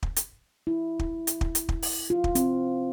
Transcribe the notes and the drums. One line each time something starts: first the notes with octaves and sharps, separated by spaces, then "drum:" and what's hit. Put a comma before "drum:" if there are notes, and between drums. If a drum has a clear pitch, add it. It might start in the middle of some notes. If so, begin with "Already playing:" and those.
drum: kick
drum: hi-hat
E4
drum: kick
drum: hi-hat
drum: kick
drum: hi-hat
drum: kick
drum: open hi-hat
F4
drum: kick
C4, drum: hi-hat